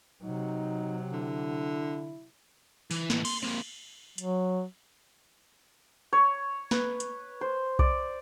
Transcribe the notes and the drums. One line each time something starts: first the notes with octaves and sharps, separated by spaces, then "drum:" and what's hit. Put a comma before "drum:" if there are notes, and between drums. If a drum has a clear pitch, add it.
C3 F#3 D#4
D3 E4
E3, drum: open hi-hat
A2 E3, drum: snare
C6, drum: cymbal
A#3 C4
F#3, drum: hi-hat
C#5
B4, drum: snare
drum: hi-hat
C5
D5, drum: kick B1